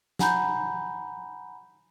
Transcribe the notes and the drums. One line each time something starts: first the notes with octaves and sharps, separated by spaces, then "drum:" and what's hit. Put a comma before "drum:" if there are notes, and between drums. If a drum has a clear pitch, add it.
F#5 G#5 A#5 B5 G6, drum: snare